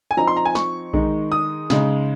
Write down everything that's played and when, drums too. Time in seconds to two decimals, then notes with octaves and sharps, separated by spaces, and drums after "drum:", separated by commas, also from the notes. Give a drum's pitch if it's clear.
0.11 G#5
0.17 F3 C4 D#4 A#5
0.27 C6
0.37 A#5
0.45 G#5
0.55 C#6, drum: snare
0.93 D#3 G#3 D#4, drum: kick A#1
1.32 D#6
1.70 C#3 G#3 D#4, drum: snare